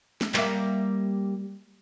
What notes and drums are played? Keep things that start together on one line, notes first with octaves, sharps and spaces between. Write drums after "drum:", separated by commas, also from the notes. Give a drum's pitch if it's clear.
drum: snare
G3 A#3 E5, drum: clap